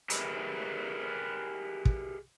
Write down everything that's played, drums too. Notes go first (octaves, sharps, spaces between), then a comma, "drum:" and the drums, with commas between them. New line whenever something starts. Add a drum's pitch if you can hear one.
G4 G#4 A#4 B4 D#5 E5, drum: hi-hat
drum: kick